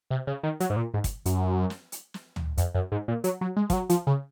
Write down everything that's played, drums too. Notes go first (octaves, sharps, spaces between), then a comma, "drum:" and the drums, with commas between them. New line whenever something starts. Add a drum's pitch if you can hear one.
C3
C#3
D#3
F#3, drum: hi-hat
G#2
A#2
G#2
drum: kick, hi-hat
F#2, drum: hi-hat
drum: snare
drum: hi-hat
drum: snare
drum: tom
F2, drum: hi-hat
F#2
G#2
A#2
F#3, drum: hi-hat
F#3
G#3
F3, drum: kick, hi-hat
F#3
F3, drum: hi-hat
C#3